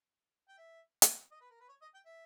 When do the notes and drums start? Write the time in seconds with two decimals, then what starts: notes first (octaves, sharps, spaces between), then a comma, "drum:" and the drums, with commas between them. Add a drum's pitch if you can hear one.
0.49 G5
0.58 E5
1.02 drum: hi-hat
1.31 D#5
1.41 B4
1.50 A#4
1.60 B4
1.69 C#5
1.82 D#5
1.94 G5
2.05 E5